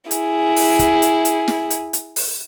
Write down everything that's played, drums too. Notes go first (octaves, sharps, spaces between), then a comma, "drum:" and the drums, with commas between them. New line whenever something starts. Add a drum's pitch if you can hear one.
E4 G#4, drum: hi-hat
drum: open hi-hat
drum: kick, hi-hat
drum: hi-hat
drum: hi-hat
drum: snare
drum: hi-hat
drum: hi-hat
drum: open hi-hat